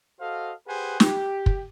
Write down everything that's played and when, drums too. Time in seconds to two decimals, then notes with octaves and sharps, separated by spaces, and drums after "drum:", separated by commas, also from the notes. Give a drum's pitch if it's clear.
0.21 F#4 A4 C5 D#5 F5
0.68 G4 G#4 B4 C5 F#5 G#5
1.00 G4, drum: snare
1.46 drum: kick